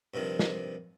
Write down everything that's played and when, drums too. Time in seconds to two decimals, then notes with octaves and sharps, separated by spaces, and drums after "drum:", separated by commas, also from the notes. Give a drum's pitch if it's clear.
0.14 G2 C3 D#3 F3
0.39 drum: snare